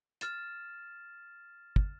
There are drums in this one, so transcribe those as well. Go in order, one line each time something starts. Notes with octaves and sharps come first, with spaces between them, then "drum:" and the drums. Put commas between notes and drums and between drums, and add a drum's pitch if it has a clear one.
F6 A6 E7, drum: hi-hat
drum: kick